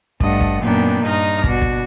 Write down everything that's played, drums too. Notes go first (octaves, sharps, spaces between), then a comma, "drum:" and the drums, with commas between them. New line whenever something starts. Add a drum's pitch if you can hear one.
G2 A3 D#5 F#5, drum: kick
drum: kick
F#2 A#2 D#3 B3 D4 G5
G2 D#4 D#5 F6 A#6
B2 D4 F#4, drum: kick
drum: kick